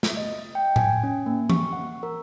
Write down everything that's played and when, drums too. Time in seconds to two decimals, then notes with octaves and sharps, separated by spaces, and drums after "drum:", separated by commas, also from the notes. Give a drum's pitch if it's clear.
0.03 drum: snare
0.17 D#5
0.55 G5
0.76 G#5, drum: tom A2
1.03 C#4
1.26 A#3
1.50 C#6, drum: tom E3
1.73 F#5
2.03 A#4